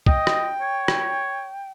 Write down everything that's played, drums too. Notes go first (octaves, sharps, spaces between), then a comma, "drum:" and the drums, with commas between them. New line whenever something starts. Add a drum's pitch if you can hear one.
D#5 G5, drum: kick B1
drum: rim click
C#5
drum: rim click